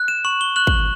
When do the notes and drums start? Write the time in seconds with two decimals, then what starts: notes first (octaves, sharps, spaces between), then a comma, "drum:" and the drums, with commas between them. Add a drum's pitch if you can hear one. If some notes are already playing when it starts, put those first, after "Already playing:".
Already playing: F#6
0.08 E7
0.25 C#6 F#7
0.41 G7
0.56 F#6 F#7
0.67 drum: kick